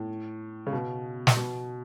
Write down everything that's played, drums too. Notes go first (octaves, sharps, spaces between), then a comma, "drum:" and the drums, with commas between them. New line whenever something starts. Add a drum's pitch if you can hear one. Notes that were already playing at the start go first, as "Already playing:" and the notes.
Already playing: A2
C#3
B2
drum: snare
B2